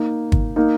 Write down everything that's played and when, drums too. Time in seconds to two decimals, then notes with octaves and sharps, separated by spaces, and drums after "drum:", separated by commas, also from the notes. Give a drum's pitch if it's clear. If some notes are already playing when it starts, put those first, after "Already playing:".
Already playing: A#3 D#4
0.32 drum: kick
0.56 A#3 D#4